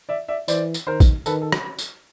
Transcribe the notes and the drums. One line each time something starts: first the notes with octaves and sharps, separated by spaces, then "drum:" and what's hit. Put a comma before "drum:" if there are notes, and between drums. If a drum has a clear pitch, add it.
D5 E5
D5 E5
E3 C5 D5, drum: tambourine
drum: tambourine
D#3 A#4 C5
drum: kick, tambourine
D#3 A4 B4, drum: tambourine
A4
drum: rim click
drum: tambourine